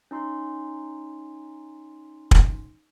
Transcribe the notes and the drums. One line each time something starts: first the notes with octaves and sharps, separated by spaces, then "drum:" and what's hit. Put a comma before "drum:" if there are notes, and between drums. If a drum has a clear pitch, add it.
C#4 D#4 C6
drum: kick